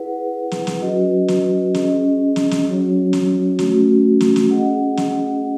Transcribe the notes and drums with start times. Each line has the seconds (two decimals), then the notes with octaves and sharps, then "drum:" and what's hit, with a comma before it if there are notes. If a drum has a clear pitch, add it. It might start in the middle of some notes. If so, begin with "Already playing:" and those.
Already playing: E4 G#4 B4 F#5
0.51 drum: snare
0.67 drum: snare
0.82 F#3 C#4 F#4 B4 D#5
1.28 drum: snare
1.74 C#4 G#4 D#5, drum: snare
2.36 drum: snare
2.51 drum: snare
2.67 F#3 C#4 F#4 C#5
3.13 drum: snare
3.59 A3 C#4 F#4, drum: snare
4.20 drum: snare
4.36 drum: snare
4.51 C#4 G#4 D#5 F#5
4.97 drum: snare